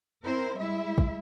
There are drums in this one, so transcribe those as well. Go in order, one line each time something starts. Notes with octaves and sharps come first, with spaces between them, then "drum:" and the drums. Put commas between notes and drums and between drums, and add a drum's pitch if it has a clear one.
C4 E4 A#4 C5
G3 G#3 E4 E5
drum: kick